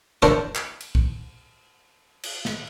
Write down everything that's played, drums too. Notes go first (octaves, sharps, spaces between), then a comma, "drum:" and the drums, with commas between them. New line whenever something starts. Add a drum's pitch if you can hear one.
D4 E4 A#4 C5 A5 C#6, drum: snare
drum: clap
drum: cymbal
drum: kick
drum: cymbal
drum: snare